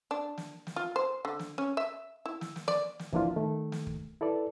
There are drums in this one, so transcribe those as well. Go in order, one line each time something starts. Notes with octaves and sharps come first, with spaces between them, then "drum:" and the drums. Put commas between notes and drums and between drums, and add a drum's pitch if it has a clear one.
D4
drum: snare
drum: snare
F4
C5
D3
drum: snare
C#4
E5
E4
drum: snare
drum: snare
D5, drum: snare
drum: snare
E3 F3 A#3 D4 E4 F4, drum: kick
D#3 A3
drum: snare
drum: kick
E4 A4 B4 D5